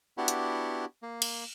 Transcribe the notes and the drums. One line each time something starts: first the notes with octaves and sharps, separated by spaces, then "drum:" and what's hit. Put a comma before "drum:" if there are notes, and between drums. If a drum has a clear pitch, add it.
B3 D4 E4 F#4 G4
drum: hi-hat
A#3
drum: cymbal